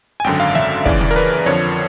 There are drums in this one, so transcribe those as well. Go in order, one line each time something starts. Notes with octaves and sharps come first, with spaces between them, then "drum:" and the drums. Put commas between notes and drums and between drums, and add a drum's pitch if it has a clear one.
G#5
G#1 F#2 D3 G5
F5
E5, drum: snare
D#2 C#3 E3 D5, drum: kick
drum: snare
A#4
B4
F2 D3 F3 C#5